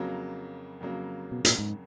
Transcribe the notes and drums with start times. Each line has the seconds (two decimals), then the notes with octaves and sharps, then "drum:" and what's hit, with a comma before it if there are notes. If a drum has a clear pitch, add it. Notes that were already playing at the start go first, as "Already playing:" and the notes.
Already playing: F2 C#3 F#3 A#3
0.81 F2 C#3 F#3 A#3
1.31 B2
1.45 A#2, drum: hi-hat
1.59 G#2